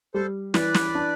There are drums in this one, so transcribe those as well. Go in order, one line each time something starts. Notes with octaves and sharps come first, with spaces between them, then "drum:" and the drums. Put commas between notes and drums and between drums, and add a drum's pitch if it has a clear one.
G3 A4 C5
E3 B4 D5, drum: snare
drum: snare
D4